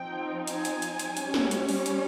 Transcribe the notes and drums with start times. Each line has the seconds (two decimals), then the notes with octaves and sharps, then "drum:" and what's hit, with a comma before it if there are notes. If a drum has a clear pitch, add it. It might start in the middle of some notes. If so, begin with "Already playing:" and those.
Already playing: F3 C4 D#4 G5
0.47 G#5, drum: hi-hat
0.65 drum: hi-hat
0.82 drum: hi-hat
0.99 drum: hi-hat
1.17 G3 C#4, drum: hi-hat
1.34 drum: snare
1.51 drum: hi-hat
1.69 drum: open hi-hat
1.86 drum: hi-hat